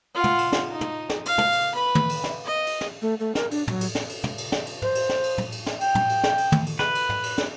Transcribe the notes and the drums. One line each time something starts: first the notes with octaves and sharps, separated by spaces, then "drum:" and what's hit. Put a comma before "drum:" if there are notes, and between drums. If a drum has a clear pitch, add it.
F4 F#5
drum: tom
drum: cymbal
drum: snare
D#4
drum: tom
drum: snare
F5, drum: cymbal
drum: tom
drum: cymbal
B4 B5
drum: tom
drum: cymbal
drum: snare
D#5
drum: cymbal
drum: snare
A3
A3
A#4, drum: snare
D4, drum: cymbal
F#3, drum: tom
drum: cymbal
drum: snare
drum: cymbal
drum: tom
drum: cymbal
drum: snare
drum: cymbal
C5, drum: tom
drum: cymbal
drum: snare
drum: cymbal
drum: tom
drum: cymbal
drum: snare
G5, drum: cymbal
drum: tom
drum: cymbal
drum: snare
drum: cymbal
drum: tom
drum: cymbal
B4, drum: snare
drum: cymbal
drum: tom
drum: cymbal
drum: snare